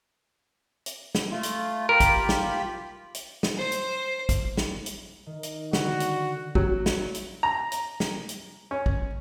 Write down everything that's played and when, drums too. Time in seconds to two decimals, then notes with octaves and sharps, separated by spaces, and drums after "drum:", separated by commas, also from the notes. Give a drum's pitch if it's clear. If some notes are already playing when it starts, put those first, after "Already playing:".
0.86 drum: hi-hat
1.15 drum: snare
1.30 A3 F4
1.43 drum: hi-hat
1.89 F4 G4 A#4 B5
2.00 drum: kick, hi-hat
2.29 drum: snare
3.15 drum: hi-hat
3.43 drum: snare
3.57 C5
3.72 drum: hi-hat
4.29 drum: kick, hi-hat
4.57 drum: snare
4.86 drum: hi-hat
5.26 D#3
5.43 drum: hi-hat
5.73 D3 F#4, drum: snare
6.00 drum: hi-hat
6.55 F#3, drum: kick
6.86 drum: snare
7.15 drum: hi-hat
7.43 A#5
7.72 drum: hi-hat
8.00 drum: snare
8.29 drum: hi-hat
8.71 C#4
8.86 drum: kick